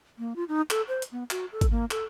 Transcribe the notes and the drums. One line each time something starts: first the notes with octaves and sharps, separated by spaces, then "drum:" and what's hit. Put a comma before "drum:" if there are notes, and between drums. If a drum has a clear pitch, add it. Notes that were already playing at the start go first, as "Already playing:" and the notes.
A#3
F4
D#4
A4, drum: clap
C5
drum: hi-hat
B3
F#4, drum: clap
A4
drum: kick, hi-hat
A#3
A4, drum: clap